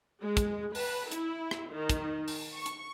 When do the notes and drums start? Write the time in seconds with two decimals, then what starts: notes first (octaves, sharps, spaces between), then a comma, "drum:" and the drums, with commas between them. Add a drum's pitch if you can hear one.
0.21 G#3
0.37 drum: kick, hi-hat
0.75 B4, drum: open hi-hat
1.11 E4, drum: hi-hat
1.51 drum: rim click
1.71 D#3
1.89 drum: kick, hi-hat
2.28 drum: open hi-hat
2.53 C#6
2.66 drum: hi-hat